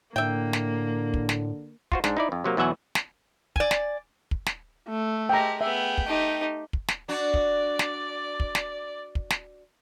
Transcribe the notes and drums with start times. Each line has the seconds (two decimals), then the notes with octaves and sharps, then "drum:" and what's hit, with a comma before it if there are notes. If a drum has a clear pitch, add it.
0.16 A2 D3 A#3 E5 G5
0.53 drum: snare
1.14 drum: kick
1.29 drum: snare
1.92 F4 F#4 C5, drum: kick
2.04 G#2 D4, drum: snare
2.17 D#4 E4 D5
2.32 F2
2.44 C3 F#3 A#3
2.57 E2 B2 F#3 E5 F#5 G#5
2.95 drum: snare
3.56 D5 G#5, drum: kick
3.71 drum: snare
4.31 drum: kick
4.46 drum: snare
4.88 A3
5.29 G#3 G4 G5 A#5
5.61 B3 G#4 E5 G5
5.98 drum: kick
6.08 A3 D#4 G4
6.73 drum: kick
6.88 drum: snare
7.09 D4 F#4 D5
7.34 drum: kick
7.79 drum: snare
8.40 drum: kick
8.55 drum: snare
9.15 drum: kick
9.30 drum: snare